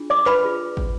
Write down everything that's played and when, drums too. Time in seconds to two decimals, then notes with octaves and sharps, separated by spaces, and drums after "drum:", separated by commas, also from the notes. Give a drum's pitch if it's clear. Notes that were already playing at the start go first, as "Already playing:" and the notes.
Already playing: D4 F4 G#4
0.10 D5 D6
0.26 B4 B5, drum: clap
0.43 F4 G#4 B4
0.77 drum: kick